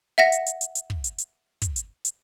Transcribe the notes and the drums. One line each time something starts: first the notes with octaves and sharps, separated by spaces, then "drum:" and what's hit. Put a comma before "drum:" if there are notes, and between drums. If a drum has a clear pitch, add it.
E5 F#5 A#6
drum: hi-hat
drum: hi-hat
drum: hi-hat
drum: hi-hat
drum: kick
drum: hi-hat
drum: hi-hat
drum: kick, hi-hat
drum: hi-hat
drum: hi-hat